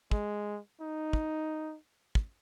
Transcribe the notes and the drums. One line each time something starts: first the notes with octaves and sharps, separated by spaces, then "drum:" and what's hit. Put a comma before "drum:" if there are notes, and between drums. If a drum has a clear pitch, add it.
G#3, drum: kick
D#4
drum: kick
drum: kick